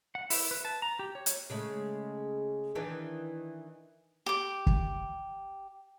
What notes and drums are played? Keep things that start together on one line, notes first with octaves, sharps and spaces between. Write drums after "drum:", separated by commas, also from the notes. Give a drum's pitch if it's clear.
F#5
E4, drum: open hi-hat
B4
A5
A#5
G4
C#5
drum: hi-hat
C#3 G#3 A3
D#3 E3 D4
G4 D6
drum: kick